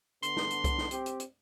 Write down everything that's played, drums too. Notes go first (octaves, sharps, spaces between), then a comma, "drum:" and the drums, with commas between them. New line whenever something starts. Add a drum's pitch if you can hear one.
D3 B3 D4 C6, drum: hi-hat
drum: snare
drum: hi-hat
drum: kick C2, hi-hat
drum: snare
C4 G4, drum: hi-hat
drum: hi-hat
drum: hi-hat